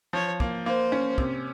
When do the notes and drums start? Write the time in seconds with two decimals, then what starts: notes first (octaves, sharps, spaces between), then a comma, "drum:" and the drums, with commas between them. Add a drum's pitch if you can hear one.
0.13 F3 C#5
0.40 A#3, drum: kick
0.66 A#3 C5
0.92 C#4
1.18 C3, drum: kick